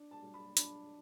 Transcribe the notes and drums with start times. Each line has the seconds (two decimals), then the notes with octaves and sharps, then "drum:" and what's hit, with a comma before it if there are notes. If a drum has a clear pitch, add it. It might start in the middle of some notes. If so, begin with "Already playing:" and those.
Already playing: D4
0.11 A5
0.23 G3
0.34 B5
0.57 D4 B5, drum: hi-hat